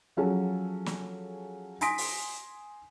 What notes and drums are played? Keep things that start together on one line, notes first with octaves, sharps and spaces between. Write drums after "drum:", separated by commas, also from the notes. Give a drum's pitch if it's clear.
F3 F#3 C#4 G#4 A4
drum: snare
G#5 C6 D#6 A#6 B6 D7, drum: hi-hat
drum: open hi-hat